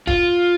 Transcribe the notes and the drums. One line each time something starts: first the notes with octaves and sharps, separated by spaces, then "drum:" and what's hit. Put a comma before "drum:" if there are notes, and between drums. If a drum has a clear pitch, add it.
F4, drum: kick